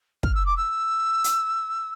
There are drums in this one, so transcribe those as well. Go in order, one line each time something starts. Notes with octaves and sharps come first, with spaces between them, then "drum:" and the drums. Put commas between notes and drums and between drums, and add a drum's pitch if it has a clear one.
F6, drum: kick
E6
D6
E6
drum: hi-hat